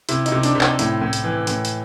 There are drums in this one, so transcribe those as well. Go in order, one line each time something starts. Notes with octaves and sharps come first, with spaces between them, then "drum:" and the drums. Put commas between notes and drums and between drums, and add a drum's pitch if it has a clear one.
C3 E4, drum: hi-hat
D#4, drum: hi-hat
C3
D4, drum: hi-hat
C3
D#4, drum: clap
A2 E4, drum: hi-hat
A2
drum: hi-hat
E3
A2, drum: hi-hat
drum: hi-hat